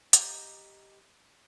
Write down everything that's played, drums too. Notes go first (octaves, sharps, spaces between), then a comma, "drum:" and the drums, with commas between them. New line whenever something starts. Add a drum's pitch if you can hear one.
G4 D#5 A#5 G6, drum: hi-hat